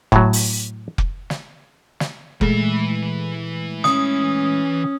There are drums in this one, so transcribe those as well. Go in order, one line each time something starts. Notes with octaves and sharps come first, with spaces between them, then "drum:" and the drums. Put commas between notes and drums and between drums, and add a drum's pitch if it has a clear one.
A2 F#3, drum: kick F1
drum: open hi-hat
drum: kick F1
drum: snare
drum: snare
A#2 E3 G#3 A3 B5, drum: kick F1
C#4 D#6, drum: snare